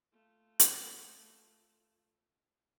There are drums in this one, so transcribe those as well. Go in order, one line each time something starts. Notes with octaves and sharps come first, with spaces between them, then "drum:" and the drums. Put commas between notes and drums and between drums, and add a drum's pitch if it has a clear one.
A3 F4
drum: hi-hat